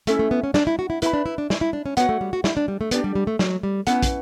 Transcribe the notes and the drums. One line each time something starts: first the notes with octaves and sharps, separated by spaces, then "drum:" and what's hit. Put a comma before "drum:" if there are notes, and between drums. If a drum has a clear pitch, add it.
A3 C#4 E4 A4 E5, drum: hi-hat
A3
B3
C#4
D4, drum: snare
E4
F#4
E4
E4 B4 E5 B5, drum: hi-hat
D4
E4
D4
E4, drum: snare
E4
D4
C#4
B3 F#4 C#5 F#5, drum: hi-hat
A3
G3
F#4
E4, drum: snare
D4
G3
A3
B3 D4 G4 D5, drum: hi-hat
G3
G3
A3
F#3, drum: snare
G3
B3 C#4 E4 B4 F#5, drum: hi-hat
drum: kick, hi-hat